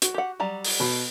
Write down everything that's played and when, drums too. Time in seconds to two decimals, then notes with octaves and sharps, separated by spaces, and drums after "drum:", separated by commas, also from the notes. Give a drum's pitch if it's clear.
0.02 F#4, drum: hi-hat
0.14 G4 F#5
0.40 F#3 G3 A#5
0.65 drum: open hi-hat
0.80 B2 B5